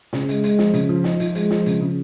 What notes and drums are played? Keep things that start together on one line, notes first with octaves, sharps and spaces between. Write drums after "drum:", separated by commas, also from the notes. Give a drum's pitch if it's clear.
C#3, drum: snare
G#3, drum: hi-hat
G#3, drum: hi-hat
F3, drum: snare
C#3, drum: hi-hat
F3
D#4, drum: snare
F3, drum: hi-hat
G#3, drum: hi-hat
F3, drum: snare
C#3, drum: hi-hat
C#3